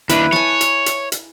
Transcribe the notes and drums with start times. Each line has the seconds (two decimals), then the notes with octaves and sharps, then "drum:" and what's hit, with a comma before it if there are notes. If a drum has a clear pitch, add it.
0.09 D#2 D4 E4 B4, drum: hi-hat
0.32 C#5 G#5 A5, drum: snare
0.61 drum: hi-hat
0.86 drum: hi-hat
1.12 drum: hi-hat